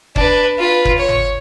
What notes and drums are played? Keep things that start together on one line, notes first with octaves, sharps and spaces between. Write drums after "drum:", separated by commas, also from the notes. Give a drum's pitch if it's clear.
D4 B4, drum: kick
F4 B4
drum: kick
C#5
drum: tom